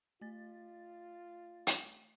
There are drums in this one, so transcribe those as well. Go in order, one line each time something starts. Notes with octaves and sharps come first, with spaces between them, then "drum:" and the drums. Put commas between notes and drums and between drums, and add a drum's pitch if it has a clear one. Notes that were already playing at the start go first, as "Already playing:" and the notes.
A3 F4 A6
drum: hi-hat